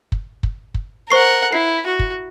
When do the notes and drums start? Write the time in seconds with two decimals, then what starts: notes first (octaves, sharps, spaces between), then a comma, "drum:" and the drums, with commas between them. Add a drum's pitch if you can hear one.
0.12 drum: kick
0.43 drum: kick
0.74 drum: kick
1.10 A#4 C5 F#5 C#6 C7
1.53 E4 C7
1.86 F#4
1.99 drum: kick